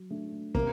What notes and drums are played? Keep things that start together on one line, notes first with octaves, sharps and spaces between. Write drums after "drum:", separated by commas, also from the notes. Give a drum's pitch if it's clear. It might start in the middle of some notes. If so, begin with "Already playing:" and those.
Already playing: F#3
A3 D4
C3 A#3, drum: kick